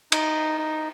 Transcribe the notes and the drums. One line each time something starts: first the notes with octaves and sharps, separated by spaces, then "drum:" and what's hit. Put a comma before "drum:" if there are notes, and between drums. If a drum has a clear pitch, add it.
D#4, drum: cymbal
D#4